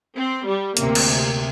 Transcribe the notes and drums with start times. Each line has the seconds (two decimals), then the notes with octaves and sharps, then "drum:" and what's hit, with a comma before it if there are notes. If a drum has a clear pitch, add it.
0.16 C4
0.46 G3
0.77 D2 C3 A#3, drum: hi-hat
0.95 drum: cymbal